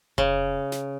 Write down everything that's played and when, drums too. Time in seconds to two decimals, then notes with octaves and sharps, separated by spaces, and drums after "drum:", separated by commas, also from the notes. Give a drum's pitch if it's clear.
0.18 C#3, drum: kick F1
0.72 drum: snare